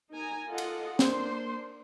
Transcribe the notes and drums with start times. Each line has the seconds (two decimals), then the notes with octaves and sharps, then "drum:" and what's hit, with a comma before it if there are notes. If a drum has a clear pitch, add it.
0.12 D#4 A#4 G#5 A#5
0.48 F4 A4 D#5 F#5
0.58 drum: cymbal
0.99 A#3 D4 C5 C6, drum: snare